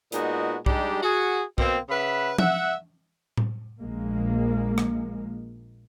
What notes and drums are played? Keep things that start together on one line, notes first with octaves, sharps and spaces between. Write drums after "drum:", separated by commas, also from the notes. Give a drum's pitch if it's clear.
A#2 G#3 B3 D#4 F#4, drum: hi-hat
G3 G#3 D4 D#4 G4, drum: kick B1
F#4 G#4
B2 A#3 C4, drum: kick B1
C#3 B4 E5 F#5 B5
E5 F#5, drum: tom F3
drum: tom A2
A#1 G#3 A#3
drum: rim click